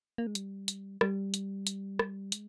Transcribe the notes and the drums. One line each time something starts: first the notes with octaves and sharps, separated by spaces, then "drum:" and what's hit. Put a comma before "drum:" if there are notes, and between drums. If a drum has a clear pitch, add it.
A#3
G#3
G3, drum: hi-hat
drum: hi-hat
G3, drum: rim click
drum: hi-hat
drum: hi-hat
drum: rim click
G#3, drum: hi-hat